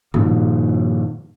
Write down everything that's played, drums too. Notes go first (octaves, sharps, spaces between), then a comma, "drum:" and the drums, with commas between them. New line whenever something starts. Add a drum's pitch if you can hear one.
G2 A#2 D#3 F3, drum: tom G#2